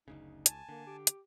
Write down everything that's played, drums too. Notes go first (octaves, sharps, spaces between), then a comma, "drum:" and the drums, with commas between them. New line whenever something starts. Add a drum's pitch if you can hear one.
F#1 D2 C#3 D#4
C#2 G#5 A5, drum: hi-hat
D3 A#3
G4
drum: hi-hat